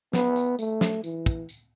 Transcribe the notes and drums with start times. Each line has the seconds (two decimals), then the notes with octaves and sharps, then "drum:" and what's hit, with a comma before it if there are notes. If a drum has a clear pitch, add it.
0.13 B3, drum: snare
0.36 drum: tambourine
0.59 A3, drum: tambourine
0.81 drum: snare
1.04 E3, drum: tambourine
1.26 drum: kick, tambourine
1.49 drum: tambourine